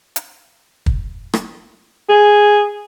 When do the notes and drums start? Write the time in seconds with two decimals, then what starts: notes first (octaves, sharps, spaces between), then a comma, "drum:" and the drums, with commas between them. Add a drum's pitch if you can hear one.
0.16 drum: hi-hat
0.86 drum: kick
1.34 drum: rim click
2.09 G#4